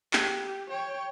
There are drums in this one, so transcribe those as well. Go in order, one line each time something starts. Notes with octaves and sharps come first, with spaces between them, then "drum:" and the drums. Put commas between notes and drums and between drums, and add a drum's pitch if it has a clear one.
G4, drum: clap
C#5 G5